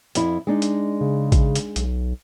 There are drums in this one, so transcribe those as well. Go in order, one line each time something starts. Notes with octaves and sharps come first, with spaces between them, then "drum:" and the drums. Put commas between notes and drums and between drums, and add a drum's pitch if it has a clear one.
F2 E4, drum: hi-hat
G#3 D4 D#4
drum: hi-hat
C#3
drum: kick A1, hi-hat
drum: hi-hat
B1, drum: hi-hat